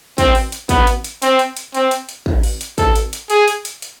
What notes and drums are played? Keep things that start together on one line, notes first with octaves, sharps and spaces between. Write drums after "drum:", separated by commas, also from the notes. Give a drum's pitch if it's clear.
C4, drum: kick, hi-hat
drum: open hi-hat
drum: hi-hat
B3, drum: kick, hi-hat
drum: hi-hat
drum: hi-hat
C4, drum: hi-hat
drum: hi-hat
drum: hi-hat
C4, drum: hi-hat
drum: hi-hat
drum: hi-hat
drum: kick
drum: open hi-hat
drum: hi-hat
A4, drum: kick, hi-hat
drum: hi-hat
drum: hi-hat
G#4, drum: hi-hat
drum: hi-hat
drum: hi-hat
drum: hi-hat